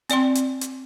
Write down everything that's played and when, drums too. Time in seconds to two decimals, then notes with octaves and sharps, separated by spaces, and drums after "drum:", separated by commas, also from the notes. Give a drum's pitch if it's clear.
0.09 C4 D5 G5 C6, drum: hi-hat
0.35 drum: hi-hat
0.61 drum: hi-hat